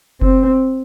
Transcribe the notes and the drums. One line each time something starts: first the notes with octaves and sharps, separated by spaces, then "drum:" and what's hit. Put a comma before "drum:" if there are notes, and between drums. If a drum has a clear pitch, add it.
C4, drum: kick F#1